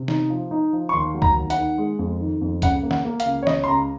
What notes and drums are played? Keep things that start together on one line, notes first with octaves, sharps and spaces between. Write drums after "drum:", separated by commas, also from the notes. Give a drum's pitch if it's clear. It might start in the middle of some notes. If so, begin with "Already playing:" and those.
Already playing: C3
D#4, drum: snare
F3
D#4
F3
C#6
D#2 C6
F#3
A#5, drum: kick C#2
D#2
F#5, drum: hi-hat
D#3
G#3
F2
D#3
F2
C#3 F#5, drum: kick C#2, hi-hat
A#3
F#5, drum: snare
A#3
F5, drum: hi-hat
C#2
C#5
C#2 D#5, drum: snare
C6
C#2 A#5